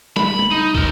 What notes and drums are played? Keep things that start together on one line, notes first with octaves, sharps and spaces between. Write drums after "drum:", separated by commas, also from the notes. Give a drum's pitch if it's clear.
B5, drum: snare
drum: tom G3
D#4
A4 A#4, drum: kick